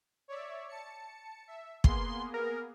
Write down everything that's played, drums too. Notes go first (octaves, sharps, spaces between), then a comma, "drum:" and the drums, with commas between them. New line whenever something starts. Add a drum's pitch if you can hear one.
C#5 D5 E5
A5 C#7
E5
A#3 B3 G#4 C6, drum: kick
A#4